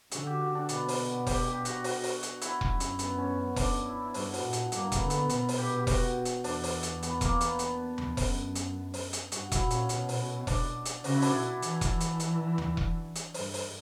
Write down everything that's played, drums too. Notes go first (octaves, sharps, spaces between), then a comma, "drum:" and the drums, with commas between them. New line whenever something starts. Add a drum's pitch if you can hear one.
D3 F#4, drum: hi-hat
G4
F#4
D4
B2 B3, drum: hi-hat
drum: open hi-hat
G4, drum: kick E1, open hi-hat
G4
F#4, drum: hi-hat
F#4, drum: open hi-hat
drum: open hi-hat
drum: hi-hat
E4, drum: hi-hat
drum: kick E1
F#2
drum: hi-hat
B3, drum: hi-hat
C#4
D4, drum: kick E1, open hi-hat
E4
E4
G2 F#4, drum: open hi-hat
drum: open hi-hat
A#2
drum: hi-hat
G2 A#3, drum: hi-hat
B3, drum: kick E1, hi-hat
D3
B3, drum: hi-hat
B2 B3, drum: hi-hat
drum: open hi-hat
G4
G4
F#4, drum: kick E1, open hi-hat
drum: hi-hat
E2 D4, drum: open hi-hat
drum: open hi-hat
drum: hi-hat
B3, drum: hi-hat
A#3, drum: kick E1, hi-hat
B3, drum: hi-hat
B3, drum: hi-hat
drum: tom D#2
F#2, drum: kick E1, open hi-hat
drum: hi-hat
drum: open hi-hat
drum: hi-hat
G2 F#4, drum: hi-hat
E4, drum: kick E1, hi-hat
A#2
C#4, drum: hi-hat
B2, drum: hi-hat
drum: open hi-hat
D4, drum: kick E1, open hi-hat
drum: hi-hat
C#3 F#4, drum: open hi-hat
E4
D4, drum: open hi-hat
B2 E4
E3, drum: hi-hat
drum: kick E1, hi-hat
E3
drum: hi-hat
drum: hi-hat
drum: tom D#2
drum: kick E1
drum: hi-hat
G2, drum: open hi-hat
drum: open hi-hat